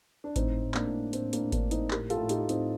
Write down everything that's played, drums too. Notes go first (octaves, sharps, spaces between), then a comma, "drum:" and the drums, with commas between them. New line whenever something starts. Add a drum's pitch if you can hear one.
D4
A2 C4 D#4, drum: kick G#1, hi-hat
A2
A#3 D4, drum: clap
A2
A2 C4, drum: hi-hat
A#3 D4, drum: hi-hat
A2
A#3 D4, drum: kick G#1, hi-hat
A2
C4 D#4, drum: hi-hat
A2 G4 A#4, drum: clap
F4 A4, drum: hi-hat
A2
D#4 G4, drum: hi-hat
A2
C4 D#4, drum: hi-hat